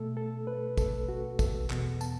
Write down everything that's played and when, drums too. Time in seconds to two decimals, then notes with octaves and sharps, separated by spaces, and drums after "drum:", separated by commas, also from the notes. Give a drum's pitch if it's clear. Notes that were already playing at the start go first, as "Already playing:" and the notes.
Already playing: B2 A3 A4
0.17 A4
0.47 B4
0.77 A4, drum: kick, tambourine
1.09 F#4
1.39 A4, drum: kick, tambourine
1.70 E2 B2 B3, drum: clap
2.01 A5, drum: tambourine